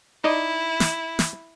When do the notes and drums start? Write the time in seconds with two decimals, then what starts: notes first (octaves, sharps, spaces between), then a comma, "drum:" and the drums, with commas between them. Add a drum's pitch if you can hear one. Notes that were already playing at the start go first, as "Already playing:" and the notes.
0.24 D#4 E4 D5 D#5
0.80 drum: snare
1.19 drum: snare